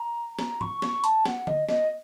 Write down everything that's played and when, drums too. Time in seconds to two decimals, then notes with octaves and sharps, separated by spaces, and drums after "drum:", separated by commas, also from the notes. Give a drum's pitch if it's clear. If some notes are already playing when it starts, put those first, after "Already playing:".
Already playing: A#5
0.39 A#5, drum: snare
0.61 C#6, drum: tom
0.82 C#6, drum: snare
1.04 A5, drum: hi-hat
1.26 F#5, drum: snare
1.47 D#5, drum: tom D3
1.69 D#5, drum: snare